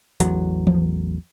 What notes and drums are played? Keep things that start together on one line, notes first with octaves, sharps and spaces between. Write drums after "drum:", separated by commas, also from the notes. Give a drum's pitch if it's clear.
A1 E2 F#3, drum: hi-hat
drum: tom E3